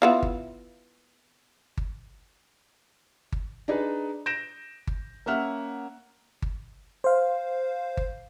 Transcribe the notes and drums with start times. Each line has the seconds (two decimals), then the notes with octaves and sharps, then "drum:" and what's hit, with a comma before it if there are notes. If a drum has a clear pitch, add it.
0.02 B3 E4 F4
0.23 drum: kick G1
1.77 drum: kick G1
3.32 drum: kick G1
3.68 D4 D#4 G#4 B4
4.26 G6 A#6 D7 E7
4.87 drum: kick G1
5.26 A#3 C#4 E5 F#5 F6
6.42 drum: kick G1
7.04 C5 F5
7.97 drum: kick G1